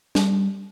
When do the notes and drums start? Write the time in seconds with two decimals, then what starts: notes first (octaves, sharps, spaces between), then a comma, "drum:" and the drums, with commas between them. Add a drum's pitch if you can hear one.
0.15 G3, drum: snare